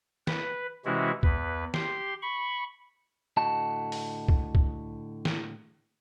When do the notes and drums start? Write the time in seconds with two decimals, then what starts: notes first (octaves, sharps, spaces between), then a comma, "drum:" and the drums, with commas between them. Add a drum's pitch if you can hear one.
0.27 B4, drum: snare
0.85 C3 E3 G#3 C#4 E4 F#4
1.23 E2 B4, drum: kick
1.74 G4 C6, drum: snare
2.22 B5 C#6
3.37 A2 D3 F#4 D#5 A5
3.92 drum: open hi-hat
4.28 drum: kick
4.55 drum: kick
5.25 drum: snare